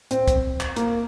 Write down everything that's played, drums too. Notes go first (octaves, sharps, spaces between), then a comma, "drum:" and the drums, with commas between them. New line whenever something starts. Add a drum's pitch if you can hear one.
C4, drum: hi-hat
drum: kick C2, hi-hat
drum: clap
A#3, drum: hi-hat